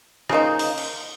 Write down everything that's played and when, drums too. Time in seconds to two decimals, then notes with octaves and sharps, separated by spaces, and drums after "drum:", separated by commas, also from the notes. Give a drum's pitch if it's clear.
0.30 C#3 F3 A#3 D#4, drum: rim click
0.59 drum: open hi-hat
0.78 drum: cymbal